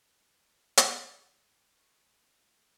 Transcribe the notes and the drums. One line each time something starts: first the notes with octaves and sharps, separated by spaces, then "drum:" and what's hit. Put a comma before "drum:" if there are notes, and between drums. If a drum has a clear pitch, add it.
drum: hi-hat
G2 F3 G#3 C#6
A3